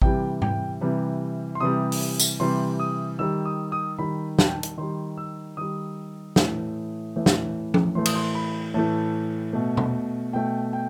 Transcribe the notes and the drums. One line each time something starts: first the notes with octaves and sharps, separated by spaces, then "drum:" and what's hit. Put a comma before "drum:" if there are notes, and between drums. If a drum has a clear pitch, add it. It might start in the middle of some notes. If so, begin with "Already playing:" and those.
C3 E3 G3 G5, drum: kick A1
G5, drum: tom G#2
C3 E3 G3
C6
C3 E3 G3 D#6
drum: open hi-hat
drum: tambourine
C3 E3 G3 C6
D#6
D#3 G3 E6
D#6
D#6
D#3 G3 B5
A5, drum: snare
G5
A5
drum: hi-hat
D#3 G3 C6
E6
D#3 G3 D#6
A2 E3 A3, drum: snare
A2 E3 A3
drum: snare
drum: tom F3
A2 E3 A3 C6
D#6, drum: cymbal
C6
B5
A2 E3 A3 A5
B2 A3
drum: tom B2
B2 A3 G5
G5